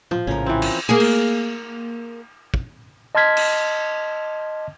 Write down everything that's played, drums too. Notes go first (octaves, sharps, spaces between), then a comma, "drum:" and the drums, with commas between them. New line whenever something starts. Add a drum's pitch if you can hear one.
F3, drum: tom
A#1 A2 C#3 C#4 A#4
E3 C4
drum: cymbal
A#3 G#4
drum: cymbal
drum: kick
D#5 A5 C6 F6 G#6 B6
drum: cymbal